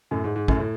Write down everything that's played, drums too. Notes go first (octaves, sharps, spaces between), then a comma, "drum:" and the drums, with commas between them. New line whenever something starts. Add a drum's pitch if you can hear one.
F#2 A2
G#2
G#2
F#2 A2, drum: kick
A2